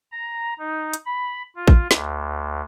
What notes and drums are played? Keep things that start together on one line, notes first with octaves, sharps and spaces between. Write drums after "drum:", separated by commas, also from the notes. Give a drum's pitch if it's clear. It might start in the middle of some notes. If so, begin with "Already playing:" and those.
A#5
D#4
drum: hi-hat
B5
F4
drum: kick A1
D2, drum: snare